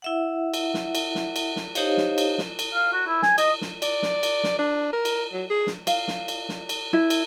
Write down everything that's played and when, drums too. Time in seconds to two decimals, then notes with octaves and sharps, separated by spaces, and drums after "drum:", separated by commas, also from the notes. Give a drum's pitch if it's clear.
0.02 E4 E5 F#5
0.54 drum: cymbal
0.74 drum: snare
0.95 drum: cymbal
1.15 drum: snare
1.36 drum: cymbal
1.56 drum: snare
1.75 D#4 G4 C5 C#5 D#5 F5, drum: cymbal
1.97 drum: snare
2.18 drum: cymbal
2.38 drum: snare
2.59 drum: cymbal
2.74 F5
2.93 F#4
3.07 E4
3.22 G#5, drum: snare
3.38 D#5, drum: cymbal
3.61 drum: snare
3.82 D5, drum: cymbal
4.02 drum: snare
4.23 drum: cymbal
4.44 drum: snare
4.59 D4
4.93 A#4
5.05 drum: cymbal
5.33 F#3
5.50 G#4
5.67 drum: snare
5.87 F5, drum: cymbal
6.08 drum: snare
6.28 drum: cymbal
6.49 drum: snare
6.69 drum: cymbal
6.93 E4
7.10 drum: cymbal